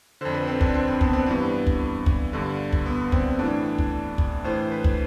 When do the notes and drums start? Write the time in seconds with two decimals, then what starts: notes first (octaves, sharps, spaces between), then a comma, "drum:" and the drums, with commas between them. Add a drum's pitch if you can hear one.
0.21 F2 D3 C5
0.34 B4
0.47 C4
0.61 D4, drum: kick
0.74 C4
0.88 C4
1.01 B3, drum: kick
1.13 C4
1.26 G2 E3 B3
1.67 drum: kick
2.06 drum: kick
2.33 G2 D3
2.73 drum: kick
2.86 B3
3.12 C4, drum: kick
3.39 A2 E3 D4
3.79 drum: kick
4.18 drum: kick
4.44 A2 E3 C5
4.72 B4
4.84 drum: kick